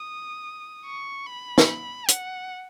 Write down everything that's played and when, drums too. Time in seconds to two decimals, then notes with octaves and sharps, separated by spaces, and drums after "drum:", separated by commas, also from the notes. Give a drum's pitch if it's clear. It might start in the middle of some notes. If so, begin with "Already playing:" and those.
Already playing: D#6
0.86 C#6
1.27 B5
1.58 drum: snare
2.08 F#5, drum: hi-hat